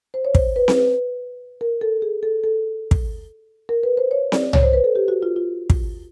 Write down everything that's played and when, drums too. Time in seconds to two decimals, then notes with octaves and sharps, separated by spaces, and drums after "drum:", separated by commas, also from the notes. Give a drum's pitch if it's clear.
0.14 C5
0.25 C#5
0.35 C5, drum: kick
0.56 B4
0.68 drum: snare C4
0.77 B4
1.61 A#4
1.81 A4
2.02 G#4
2.23 A4
2.44 A4
2.91 drum: kick
3.69 A#4
3.83 B4
3.97 C5
4.11 C#5
4.32 D5, drum: snare C4
4.53 C#5, drum: tom C2
4.63 C5
4.73 B4
4.84 A4
4.95 G4
5.08 F#4
5.23 F4
5.36 F4
5.70 drum: kick